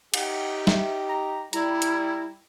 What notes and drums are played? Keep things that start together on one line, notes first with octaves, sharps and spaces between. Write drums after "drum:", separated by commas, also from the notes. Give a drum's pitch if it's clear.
D#4 G4 F#5, drum: cymbal
E5, drum: snare
A#5
G3 E4 A#5, drum: hi-hat
drum: hi-hat